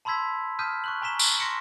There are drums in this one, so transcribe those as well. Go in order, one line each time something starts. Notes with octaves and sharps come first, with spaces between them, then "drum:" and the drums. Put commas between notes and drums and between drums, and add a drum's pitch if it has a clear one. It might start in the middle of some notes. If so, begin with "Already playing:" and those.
A5 B5 C6 E6 G#6 B6
A5 D#6 F6 G6 B6 D#7
C#6 F#6 F#7
G#5 A#5 C#6 B6 E7 G7
D7, drum: tambourine
C6 A#6 B6 C#7 D7 E7